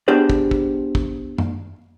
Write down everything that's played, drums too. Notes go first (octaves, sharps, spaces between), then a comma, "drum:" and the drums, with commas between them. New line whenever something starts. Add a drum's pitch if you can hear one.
B3 D4 G4 G#4 C5
drum: kick
drum: kick
drum: kick
drum: tom F#2